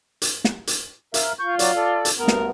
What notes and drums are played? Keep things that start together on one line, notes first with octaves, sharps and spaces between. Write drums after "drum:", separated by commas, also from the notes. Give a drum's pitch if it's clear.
drum: hi-hat
drum: snare
drum: hi-hat
A#4 E5 F5, drum: hi-hat
F4 C#6 G6
F#3 F#4 D5, drum: hi-hat
A4 D5
drum: hi-hat
D2 G2 B3 A#4
drum: snare